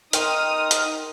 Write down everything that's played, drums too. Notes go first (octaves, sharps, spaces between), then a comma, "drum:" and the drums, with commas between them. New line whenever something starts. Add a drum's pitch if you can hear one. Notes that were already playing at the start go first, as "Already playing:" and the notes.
D#4 A#4 G5 C6 D#6 F6, drum: hi-hat
drum: hi-hat